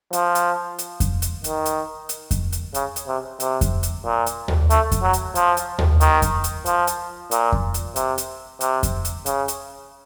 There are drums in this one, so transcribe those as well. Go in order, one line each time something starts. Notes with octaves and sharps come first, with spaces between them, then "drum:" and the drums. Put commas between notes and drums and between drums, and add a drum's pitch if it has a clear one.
F3, drum: hi-hat
drum: hi-hat
drum: hi-hat
drum: kick F2, hi-hat
drum: hi-hat
D#3, drum: hi-hat
drum: hi-hat
drum: hi-hat
drum: kick F2, hi-hat
drum: hi-hat
C#3, drum: hi-hat
drum: hi-hat
C3
C3, drum: hi-hat
drum: kick F2, hi-hat
drum: hi-hat
A#2
drum: hi-hat
drum: tom D#2
A3, drum: hi-hat
drum: kick F2, hi-hat
F#3
drum: hi-hat
F3, drum: hi-hat
drum: hi-hat
drum: tom D#2
D#3, drum: hi-hat
drum: kick F2, hi-hat
drum: hi-hat
F3, drum: hi-hat
drum: hi-hat
A#2, drum: hi-hat
drum: kick F2
drum: hi-hat
C3, drum: hi-hat
drum: hi-hat
C3, drum: hi-hat
drum: kick F2, hi-hat
drum: hi-hat
C#3, drum: hi-hat
drum: hi-hat